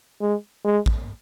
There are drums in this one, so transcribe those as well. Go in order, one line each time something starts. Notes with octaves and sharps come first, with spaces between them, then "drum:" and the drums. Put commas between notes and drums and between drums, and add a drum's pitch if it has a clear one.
G#3
G#3
drum: kick